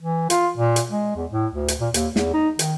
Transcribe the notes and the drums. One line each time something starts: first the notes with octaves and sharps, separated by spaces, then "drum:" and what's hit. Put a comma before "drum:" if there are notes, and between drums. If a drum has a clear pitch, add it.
E3
F4, drum: hi-hat
A#2
drum: hi-hat
G#3
E2
A2
D2
drum: hi-hat
A#2
D#2, drum: hi-hat
E2, drum: snare
D#4
D#3, drum: hi-hat